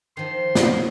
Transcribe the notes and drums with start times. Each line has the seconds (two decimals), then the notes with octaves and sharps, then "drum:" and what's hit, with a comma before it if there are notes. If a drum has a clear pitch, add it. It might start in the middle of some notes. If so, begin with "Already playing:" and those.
0.17 D#3 F3 C6
0.55 C#3 D4 D#5 F#5, drum: snare